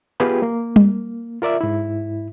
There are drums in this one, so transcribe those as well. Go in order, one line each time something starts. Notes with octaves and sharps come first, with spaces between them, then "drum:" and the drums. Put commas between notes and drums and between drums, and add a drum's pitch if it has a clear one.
B3 F4 G4 G#4 B4 G5
A#3
drum: tom G3
F4 A#4 D5 E5
G#2 E4